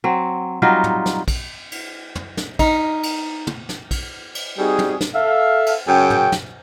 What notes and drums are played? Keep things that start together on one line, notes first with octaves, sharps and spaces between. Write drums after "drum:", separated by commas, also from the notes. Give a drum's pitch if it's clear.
F#3 C4
F#3 G3 D#4 F4
drum: tom
drum: snare
drum: kick, cymbal
drum: cymbal
drum: tom
drum: snare
D#4, drum: kick, cymbal
drum: cymbal
drum: tom
drum: snare
drum: kick, cymbal
drum: cymbal
G3 C4 D#4 F#4 G#4
drum: tom
drum: snare
A4 E5 F5
drum: cymbal
F#2 C#3 G#4 C#5 G5
drum: tom
drum: snare